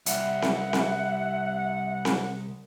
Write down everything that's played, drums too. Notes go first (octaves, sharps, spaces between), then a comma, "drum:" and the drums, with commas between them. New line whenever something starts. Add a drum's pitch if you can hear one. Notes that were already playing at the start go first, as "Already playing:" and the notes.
C2 E5 F#5, drum: hi-hat
drum: snare C4
drum: snare C4
drum: snare C4